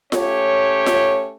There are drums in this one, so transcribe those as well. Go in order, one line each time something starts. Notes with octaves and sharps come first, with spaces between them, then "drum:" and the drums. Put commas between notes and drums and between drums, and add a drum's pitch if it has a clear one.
A3 C#4 G4 C#5, drum: snare F4
drum: snare F4